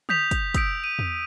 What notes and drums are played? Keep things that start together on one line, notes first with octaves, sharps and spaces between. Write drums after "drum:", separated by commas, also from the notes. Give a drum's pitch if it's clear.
D#6 G6 B6 F7, drum: tom D3
drum: kick, hi-hat
D#6 E6 G6 B6 D7, drum: kick, hi-hat
D#7
drum: tom E2